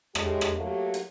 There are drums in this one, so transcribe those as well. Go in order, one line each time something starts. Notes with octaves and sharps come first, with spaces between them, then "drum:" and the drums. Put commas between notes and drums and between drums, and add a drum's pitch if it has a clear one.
A2 G#3 G4, drum: rim click
drum: rim click
F#3 A3 A#3 G4
drum: hi-hat